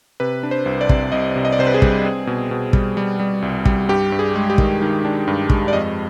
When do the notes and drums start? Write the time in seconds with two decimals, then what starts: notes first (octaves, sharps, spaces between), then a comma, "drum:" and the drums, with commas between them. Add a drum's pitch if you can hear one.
0.20 C3 B4
0.43 D4
0.51 C5
0.66 C2
0.81 D5
0.89 C3, drum: kick
1.12 C2 D#5
1.36 C3
1.45 D#5
1.53 D5
1.59 C3 C5
1.67 B4
1.74 G#4
1.82 G3, drum: kick
2.04 C4
2.27 B2
2.51 B2
2.73 G3, drum: kick
2.97 G3
3.20 G3
3.42 C2
3.65 G3, drum: kick
3.89 G2 G4
4.12 G2
4.19 G#4
4.35 G#3
4.50 G4
4.58 D#3, drum: kick
4.82 D#3
5.05 D4
5.27 G2
5.50 G#3, drum: kick
5.68 D5
5.73 F2 D#5